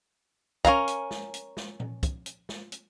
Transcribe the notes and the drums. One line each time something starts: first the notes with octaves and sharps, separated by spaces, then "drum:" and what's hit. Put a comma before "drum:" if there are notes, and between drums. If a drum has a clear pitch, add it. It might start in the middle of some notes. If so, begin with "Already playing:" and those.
C#4 A#4 F5 A#5, drum: kick, hi-hat
drum: hi-hat
drum: snare
drum: hi-hat
drum: snare
drum: tom A#2
drum: kick, hi-hat
drum: hi-hat
drum: snare
drum: hi-hat